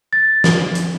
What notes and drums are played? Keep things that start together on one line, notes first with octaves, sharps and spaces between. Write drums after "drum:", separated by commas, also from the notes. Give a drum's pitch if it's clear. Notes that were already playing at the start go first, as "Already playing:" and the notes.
A6
drum: snare
drum: hi-hat